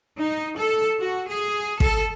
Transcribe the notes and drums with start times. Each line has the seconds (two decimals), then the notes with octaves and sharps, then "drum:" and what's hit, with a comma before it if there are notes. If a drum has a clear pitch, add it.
0.19 D#4
0.58 A4
1.00 F#4
1.29 G#4
1.80 A4, drum: kick